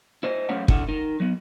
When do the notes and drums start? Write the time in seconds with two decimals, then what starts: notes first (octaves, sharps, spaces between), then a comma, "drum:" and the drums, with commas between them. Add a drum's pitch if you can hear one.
0.23 E4 C5 D#5
0.49 F#2 A3 C#4 C#5 F5 F#5
0.68 D3 E4 F#5, drum: kick
0.89 D#4 A#4
1.20 F#3 B3